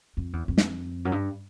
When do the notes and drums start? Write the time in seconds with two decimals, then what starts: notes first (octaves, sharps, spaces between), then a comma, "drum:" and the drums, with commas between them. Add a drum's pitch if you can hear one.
0.17 F2
0.33 E2
0.48 F2
0.58 drum: snare
1.05 F#2
1.12 G2